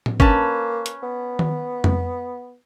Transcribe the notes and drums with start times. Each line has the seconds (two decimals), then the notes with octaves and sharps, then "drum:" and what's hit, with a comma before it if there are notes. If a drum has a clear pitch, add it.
0.06 drum: tom A2
0.20 A#3 C#4 B4 A5, drum: kick
0.86 drum: hi-hat
1.03 B3
1.39 drum: tom D#3
1.84 drum: tom F2